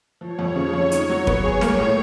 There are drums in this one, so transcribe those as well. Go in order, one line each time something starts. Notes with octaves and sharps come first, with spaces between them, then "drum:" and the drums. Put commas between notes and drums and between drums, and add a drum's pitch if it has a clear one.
F3 C#5
F2
C#3
F2
D#4 C#5, drum: hi-hat
F#3
B3, drum: kick
G#4
A#3, drum: snare
A2